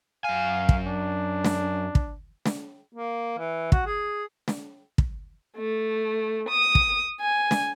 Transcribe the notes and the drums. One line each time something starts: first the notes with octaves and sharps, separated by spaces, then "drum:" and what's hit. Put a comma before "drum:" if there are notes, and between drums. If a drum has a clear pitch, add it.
F#2 F5 G#5
drum: kick
D4
drum: snare
drum: kick
drum: snare
A#3
E3
F#4, drum: kick
G#4
drum: snare
drum: kick
A3
D#6
drum: kick
G#5
drum: snare